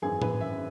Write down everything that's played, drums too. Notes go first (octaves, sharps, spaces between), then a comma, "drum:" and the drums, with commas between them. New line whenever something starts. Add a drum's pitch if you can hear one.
G#1 F#2 E3 G#4
B4, drum: tom A2
E5